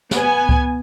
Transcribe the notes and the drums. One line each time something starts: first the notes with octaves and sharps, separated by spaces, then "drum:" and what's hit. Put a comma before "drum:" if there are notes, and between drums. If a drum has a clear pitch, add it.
B3 G#5, drum: snare
drum: kick C#2